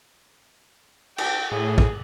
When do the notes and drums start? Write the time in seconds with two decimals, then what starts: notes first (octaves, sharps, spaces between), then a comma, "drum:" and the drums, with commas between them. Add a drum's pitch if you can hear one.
1.18 G5, drum: cymbal
1.52 A2 G#4
1.78 drum: kick